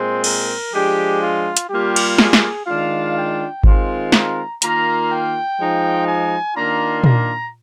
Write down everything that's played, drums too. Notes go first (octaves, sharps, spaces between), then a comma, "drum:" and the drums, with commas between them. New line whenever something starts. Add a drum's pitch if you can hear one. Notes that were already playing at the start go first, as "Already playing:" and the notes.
Already playing: A#2 G#3 C4 C5
A#4, drum: cymbal
F3 G#3 D4 G4
F4
drum: hi-hat
G3 A#3 F4 G4
drum: cymbal
G#4, drum: snare
drum: snare
D#3 G#3 D4 F4 F5
G5
D#3 G#3 C4 F4, drum: kick G#1
A#5, drum: snare
D#3 A#3 F4 A#5, drum: hi-hat
G5
F3 G#3 D#4
G#5
D#3 A#3 D4 F4 A#5
A#5, drum: tom A#2